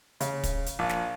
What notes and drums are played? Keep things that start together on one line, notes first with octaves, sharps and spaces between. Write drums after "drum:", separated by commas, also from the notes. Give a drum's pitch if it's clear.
C#3, drum: hi-hat
drum: kick, hi-hat
drum: hi-hat
A#1
drum: snare